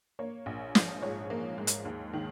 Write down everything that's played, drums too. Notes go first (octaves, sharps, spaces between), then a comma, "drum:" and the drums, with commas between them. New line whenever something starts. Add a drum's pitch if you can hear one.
A#3 C#5
A#1
F3, drum: snare
G#2 C#5
A#3
G#2
drum: hi-hat
D#2
D#3